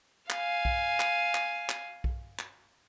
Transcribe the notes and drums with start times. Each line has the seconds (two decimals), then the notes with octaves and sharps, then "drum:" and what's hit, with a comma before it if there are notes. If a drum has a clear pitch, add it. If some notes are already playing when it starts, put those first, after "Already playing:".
0.30 F5 G#5, drum: clap
0.65 drum: kick B1
1.00 drum: clap
1.35 drum: clap
1.69 drum: clap
2.04 drum: kick B1
2.39 drum: clap